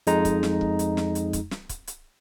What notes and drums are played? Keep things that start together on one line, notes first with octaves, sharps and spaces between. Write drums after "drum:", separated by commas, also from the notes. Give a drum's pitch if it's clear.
F2 G#3 D#4 A#5, drum: hi-hat
drum: kick, hi-hat
drum: snare
drum: kick
drum: hi-hat
drum: snare
drum: hi-hat
drum: kick, hi-hat
drum: snare
drum: kick, hi-hat
drum: hi-hat